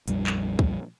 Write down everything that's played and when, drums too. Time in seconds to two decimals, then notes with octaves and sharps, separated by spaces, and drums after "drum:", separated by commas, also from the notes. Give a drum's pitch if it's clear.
0.08 A#1 F2 G3, drum: hi-hat
0.27 drum: clap
0.59 drum: kick